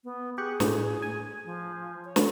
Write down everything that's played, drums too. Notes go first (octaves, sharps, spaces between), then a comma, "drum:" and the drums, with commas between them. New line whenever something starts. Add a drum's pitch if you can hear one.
B3
G4 G#4 C#6 F#6
A2, drum: snare
G#5
F3
C#5
drum: snare